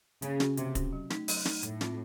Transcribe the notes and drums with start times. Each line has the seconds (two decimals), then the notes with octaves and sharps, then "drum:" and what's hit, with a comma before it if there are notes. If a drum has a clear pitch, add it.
0.22 C#3 A#3, drum: hi-hat
0.40 C#4 F#4, drum: snare
0.57 C3 A#3, drum: hi-hat
0.75 C#4 F#4, drum: kick, hi-hat
0.93 F#3
1.10 A3 D#4, drum: snare
1.28 F#3, drum: open hi-hat
1.45 A3 D#4, drum: snare
1.63 A2 A3, drum: hi-hat
1.81 C4 F4, drum: snare